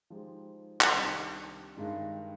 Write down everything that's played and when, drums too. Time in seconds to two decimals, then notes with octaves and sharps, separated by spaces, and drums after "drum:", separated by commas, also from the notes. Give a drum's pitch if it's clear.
0.10 F3 G#3 D#4 G4
0.81 drum: clap
0.93 C2 C3 D#3 G3 D4
1.77 G2 D#3 G#3 D#4